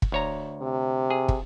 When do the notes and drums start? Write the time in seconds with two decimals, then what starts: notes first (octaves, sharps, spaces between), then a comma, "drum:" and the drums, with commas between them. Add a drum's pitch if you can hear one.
0.02 drum: kick
0.12 D2 C#5 A#5
0.62 C3
1.10 G#4
1.28 drum: kick